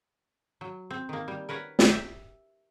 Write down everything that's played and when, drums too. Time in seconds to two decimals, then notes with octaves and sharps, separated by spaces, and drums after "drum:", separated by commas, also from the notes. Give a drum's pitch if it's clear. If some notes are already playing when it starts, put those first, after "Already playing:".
0.61 F#3
0.90 C4
1.09 D#3 A#3
1.28 G3
1.49 A#4 B4 C#5 F#5
1.79 drum: snare
1.89 G4 E5